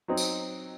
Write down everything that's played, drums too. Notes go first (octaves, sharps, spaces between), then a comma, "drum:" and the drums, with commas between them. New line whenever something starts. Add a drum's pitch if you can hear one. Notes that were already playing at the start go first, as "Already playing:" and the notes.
F#3 C4 D#4
drum: tambourine